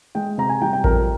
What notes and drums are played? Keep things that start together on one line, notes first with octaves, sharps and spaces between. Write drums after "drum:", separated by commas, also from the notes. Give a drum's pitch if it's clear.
G#3 G5
C3 A#5
G#5
G3 G5
G5
F2 A#4, drum: kick A1